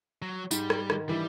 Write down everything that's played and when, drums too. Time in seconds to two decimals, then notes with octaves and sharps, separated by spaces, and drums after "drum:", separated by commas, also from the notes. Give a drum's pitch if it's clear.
0.22 F#3
0.51 G#2 G3, drum: tambourine
0.70 drum: rim click
0.90 D#3, drum: rim click
1.09 E3 G3